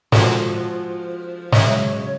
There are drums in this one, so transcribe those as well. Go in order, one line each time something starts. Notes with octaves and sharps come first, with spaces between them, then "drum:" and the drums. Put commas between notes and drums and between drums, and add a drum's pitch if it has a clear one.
F3 G#3 F#4 A4, drum: snare
C#3 F#3 G#3 C#5 D#5 E5, drum: snare